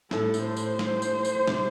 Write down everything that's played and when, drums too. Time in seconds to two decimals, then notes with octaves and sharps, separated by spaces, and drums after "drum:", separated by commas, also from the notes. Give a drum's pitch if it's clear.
0.11 A2 A4, drum: snare
0.34 drum: tambourine
0.45 C5
0.57 drum: tambourine
0.79 drum: snare
1.02 drum: tambourine
1.25 drum: tambourine
1.48 C3, drum: snare